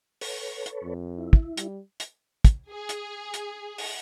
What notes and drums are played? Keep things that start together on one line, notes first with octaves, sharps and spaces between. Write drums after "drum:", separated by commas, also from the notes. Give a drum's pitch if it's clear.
A4 B4 C#5, drum: open hi-hat
drum: hi-hat
F2
E4
drum: kick
G3, drum: hi-hat
drum: hi-hat
drum: kick, hi-hat
G#4
drum: hi-hat
drum: hi-hat
drum: open hi-hat